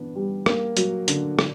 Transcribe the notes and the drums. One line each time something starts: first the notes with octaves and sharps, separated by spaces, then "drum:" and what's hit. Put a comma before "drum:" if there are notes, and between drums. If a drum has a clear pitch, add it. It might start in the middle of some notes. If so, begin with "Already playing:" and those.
Already playing: E3 B3 D4
G3
A#3, drum: rim click
F#3, drum: hi-hat
D3, drum: hi-hat
D3, drum: rim click